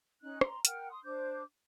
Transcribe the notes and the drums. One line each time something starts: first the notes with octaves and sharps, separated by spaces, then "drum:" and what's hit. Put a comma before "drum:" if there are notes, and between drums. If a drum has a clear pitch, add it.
C#4 D#4 D#5 F#6
A#5 C6, drum: rim click
A#4 F#5 G5 F6, drum: hi-hat
C6 D#6
D4 C5 D6 G6